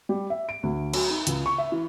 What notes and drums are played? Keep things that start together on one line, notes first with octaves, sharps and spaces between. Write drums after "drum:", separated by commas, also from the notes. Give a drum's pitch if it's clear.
G3
E5
D7
D2
F#3, drum: cymbal
D#4
C#2, drum: hi-hat
C#6
E5
E3